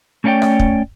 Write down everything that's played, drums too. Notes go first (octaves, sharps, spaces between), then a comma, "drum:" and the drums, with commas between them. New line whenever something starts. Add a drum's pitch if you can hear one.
A3 C#4 D4 C#5 D5 G5
drum: rim click
drum: kick